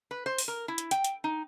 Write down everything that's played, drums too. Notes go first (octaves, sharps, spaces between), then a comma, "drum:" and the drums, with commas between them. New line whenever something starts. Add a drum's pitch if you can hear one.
B4
C5
drum: open hi-hat
A#4
E4
drum: hi-hat
G5, drum: hi-hat
drum: hi-hat
D#4